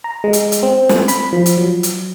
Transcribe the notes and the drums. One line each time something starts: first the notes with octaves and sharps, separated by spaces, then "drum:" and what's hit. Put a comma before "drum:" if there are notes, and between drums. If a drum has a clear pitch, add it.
A#5
G#3
drum: hi-hat
drum: hi-hat
C4
drum: snare
B5, drum: hi-hat
F3
drum: hi-hat
F#3
drum: hi-hat